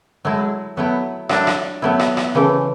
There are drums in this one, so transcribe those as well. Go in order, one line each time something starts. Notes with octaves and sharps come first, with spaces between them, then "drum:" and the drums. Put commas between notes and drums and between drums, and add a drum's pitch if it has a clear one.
F#3 G#3 A3 E4
F#3 A3 B3 E4
F#3 A3 D4 E4, drum: rim click
drum: rim click
F#3 A3 B3 E4
drum: rim click
drum: rim click
C#3 E3 A3